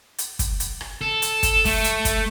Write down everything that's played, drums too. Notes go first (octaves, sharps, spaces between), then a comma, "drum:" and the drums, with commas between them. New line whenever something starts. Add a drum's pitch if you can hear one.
drum: hi-hat
drum: kick, hi-hat
drum: hi-hat
drum: rim click
A4
drum: hi-hat
drum: kick, hi-hat
A3, drum: kick, open hi-hat
drum: hi-hat
drum: kick, hi-hat